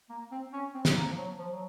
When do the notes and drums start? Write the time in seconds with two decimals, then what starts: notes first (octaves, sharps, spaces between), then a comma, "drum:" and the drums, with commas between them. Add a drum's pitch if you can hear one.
0.09 A#3
0.31 C4
0.53 C#4
0.74 C4
0.85 drum: snare
0.96 A#3
1.11 F3
1.17 F#3
1.38 F3
1.52 F#3